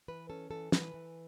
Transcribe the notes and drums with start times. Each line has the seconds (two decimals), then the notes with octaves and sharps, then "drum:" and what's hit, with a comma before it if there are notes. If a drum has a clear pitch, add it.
0.08 E3 B4
0.30 C#4 A4
0.50 E3 A4
0.72 E3 B4, drum: snare
0.94 E3